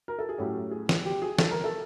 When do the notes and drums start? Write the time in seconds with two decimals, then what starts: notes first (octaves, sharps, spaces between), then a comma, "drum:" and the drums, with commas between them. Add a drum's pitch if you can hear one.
0.08 A#4
0.19 A4
0.29 G#4
0.38 A2 F#3 A3 C#4 G4
0.71 G#4
0.89 drum: snare
1.05 G4
1.22 G#4
1.39 A4, drum: snare
1.51 A#4
1.64 A4